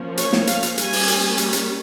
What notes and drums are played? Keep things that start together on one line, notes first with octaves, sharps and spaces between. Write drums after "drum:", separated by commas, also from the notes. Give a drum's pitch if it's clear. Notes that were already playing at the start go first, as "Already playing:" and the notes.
Already playing: F3 A#3 C#4
C#5, drum: hi-hat
drum: snare
F5, drum: hi-hat
drum: hi-hat
G3 A#3 C#4 G#5, drum: hi-hat
drum: open hi-hat
drum: hi-hat
drum: hi-hat
drum: hi-hat